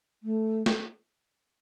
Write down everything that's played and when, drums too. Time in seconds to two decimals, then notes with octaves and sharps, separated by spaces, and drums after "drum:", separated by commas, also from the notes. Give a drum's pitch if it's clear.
0.23 A3
0.66 drum: snare